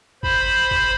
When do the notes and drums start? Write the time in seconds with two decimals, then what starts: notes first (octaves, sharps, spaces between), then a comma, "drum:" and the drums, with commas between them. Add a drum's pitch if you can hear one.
0.23 C5 B5, drum: kick
0.71 drum: kick